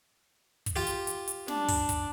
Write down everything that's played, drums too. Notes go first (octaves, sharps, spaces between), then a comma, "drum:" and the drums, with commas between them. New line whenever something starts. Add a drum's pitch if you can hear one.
drum: kick, hi-hat
F4 G4
drum: hi-hat
drum: hi-hat
drum: hi-hat
D4, drum: snare
drum: kick, open hi-hat
drum: kick, hi-hat